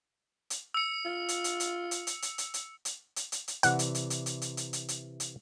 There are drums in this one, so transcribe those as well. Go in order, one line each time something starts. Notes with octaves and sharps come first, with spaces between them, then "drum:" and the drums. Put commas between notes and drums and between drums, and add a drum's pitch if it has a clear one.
drum: hi-hat
E6 C#7
F4
drum: hi-hat
drum: hi-hat
drum: hi-hat
drum: hi-hat
drum: hi-hat
drum: hi-hat
drum: hi-hat
drum: hi-hat
drum: hi-hat
drum: hi-hat
drum: hi-hat
drum: hi-hat
C3 E3 D5 F#5, drum: hi-hat
drum: hi-hat
drum: hi-hat
drum: hi-hat
drum: hi-hat
drum: hi-hat
drum: hi-hat
drum: hi-hat
drum: hi-hat
drum: hi-hat